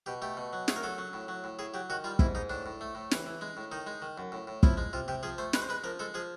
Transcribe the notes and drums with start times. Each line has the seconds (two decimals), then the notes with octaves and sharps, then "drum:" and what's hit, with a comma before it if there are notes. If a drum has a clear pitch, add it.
0.06 B2 G4
0.22 A3 G4
0.37 B2
0.53 F#3
0.68 A3 G#4, drum: snare
0.76 A#4
0.83 F#3 A4
0.98 F#3
1.13 A2
1.28 F#3
1.44 A2
1.59 A2 G#4
1.74 F#3 G4
1.90 D#3 F#4
2.04 G3 F4
2.19 G#2 E4, drum: kick
2.35 G#2 D#4
2.50 A2 D4
2.66 A2
2.81 A3
2.95 A2
3.11 E3, drum: snare
3.26 E3
3.41 G#3
3.57 A2
3.72 D#3 D#4
3.87 G#3
4.02 D#3
4.18 F#2
4.32 A2
4.47 A2
4.63 F3 E4, drum: kick
4.77 G#3
4.93 C3 F4
5.08 C3 G4
5.23 F3 G#4
5.38 A3 C5
5.53 G#3 B4, drum: snare
5.62 C5
5.69 G#3 B4
5.84 F3 A#4
5.99 G#3 A4
6.14 F3 G#4